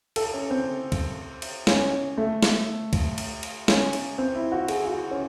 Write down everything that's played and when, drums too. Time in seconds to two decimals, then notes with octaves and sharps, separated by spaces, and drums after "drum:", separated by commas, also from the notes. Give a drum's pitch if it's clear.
0.16 A4, drum: cymbal
0.34 C#4
0.51 C4
0.92 drum: kick, cymbal
1.42 drum: cymbal
1.67 C#4, drum: snare
1.84 C#4
2.17 A3
2.43 drum: snare
2.93 drum: kick, cymbal
3.18 drum: cymbal
3.43 drum: cymbal
3.68 C#4, drum: snare
3.93 drum: cymbal
4.18 C4
4.35 E4
4.52 F#4
4.68 G#4, drum: cymbal
4.85 F#4
5.11 C#4